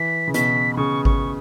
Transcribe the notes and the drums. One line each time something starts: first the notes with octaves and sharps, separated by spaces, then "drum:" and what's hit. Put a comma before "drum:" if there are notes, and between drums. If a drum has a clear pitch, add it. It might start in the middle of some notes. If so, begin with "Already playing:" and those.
Already playing: E3 B6
C#3
B2 B6, drum: hi-hat
B5
C#3 C#6
C#6, drum: kick G#1